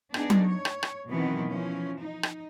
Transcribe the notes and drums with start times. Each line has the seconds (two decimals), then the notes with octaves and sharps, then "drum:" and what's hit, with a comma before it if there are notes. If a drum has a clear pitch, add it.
0.14 B3 D4 D#4 G#4, drum: rim click
0.30 drum: tom F#3
0.47 C#5
0.65 drum: rim click
0.83 drum: rim click
1.10 B2 D#3 E3 F#3 B3 C4
1.48 E3 F3 C#4
2.01 D#4
2.23 drum: rim click